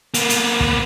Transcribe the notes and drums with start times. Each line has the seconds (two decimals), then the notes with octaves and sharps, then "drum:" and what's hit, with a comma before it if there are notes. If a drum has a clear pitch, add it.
0.14 A#3 B3, drum: hi-hat
0.30 drum: hi-hat
0.60 drum: kick